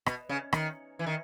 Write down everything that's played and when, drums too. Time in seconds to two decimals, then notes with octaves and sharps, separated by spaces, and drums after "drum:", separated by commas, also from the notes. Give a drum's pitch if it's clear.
0.06 B2, drum: rim click
0.29 C#3
0.53 D#3, drum: rim click
0.99 E3
1.07 D#3